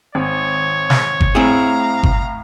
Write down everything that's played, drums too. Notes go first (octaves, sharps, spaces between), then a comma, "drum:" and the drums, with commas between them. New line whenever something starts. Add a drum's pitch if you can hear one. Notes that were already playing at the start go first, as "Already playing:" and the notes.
G#1 C#5
drum: snare
drum: kick G1
A2 C4 E4 G#4 F5 A#5
drum: kick G1